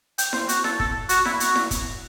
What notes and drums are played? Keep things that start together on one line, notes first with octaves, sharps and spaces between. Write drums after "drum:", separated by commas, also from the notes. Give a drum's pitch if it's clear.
G5, drum: hi-hat
C5, drum: snare E4
F#4, drum: hi-hat
A4, drum: snare E4
A4, drum: kick
F#4, drum: hi-hat
E4, drum: snare E4
F#4, drum: hi-hat
drum: snare E4
drum: kick, hi-hat